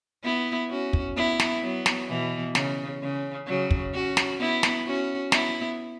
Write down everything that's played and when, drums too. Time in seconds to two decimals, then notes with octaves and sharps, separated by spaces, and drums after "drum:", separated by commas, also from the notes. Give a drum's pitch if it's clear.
0.24 B3 E4
0.70 C#4 F#4
0.93 drum: kick
1.17 B3 E4
1.40 drum: snare
1.62 F#3 B3
1.86 drum: snare
2.09 B2 E3
2.55 C#3, drum: snare
3.02 C#3
3.47 C#3 F#3
3.71 drum: kick
3.93 C#4 F#4
4.17 drum: snare
4.39 B3 E4
4.63 drum: snare
4.86 C#4 F#4
5.32 B3 E4, drum: snare